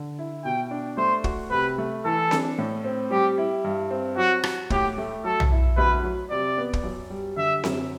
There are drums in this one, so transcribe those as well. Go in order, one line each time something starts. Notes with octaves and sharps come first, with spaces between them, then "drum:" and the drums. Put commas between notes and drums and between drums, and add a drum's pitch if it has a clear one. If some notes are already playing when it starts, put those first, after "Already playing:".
Already playing: D3
E4
B2 G5
D4
A3 C5
F#4, drum: kick
C3 B4
A3
E3 A4
D4, drum: snare C4
A2
C4
G3 G4
E4
G2
C4
F#3 F#4
F#4, drum: rim click
A2 G4, drum: kick
A3
F#3 A4
drum: tom
E4
D2 B4
F#3
C3 D5
B3
drum: kick
F#2
G3
D3 E5
F#2, drum: snare C4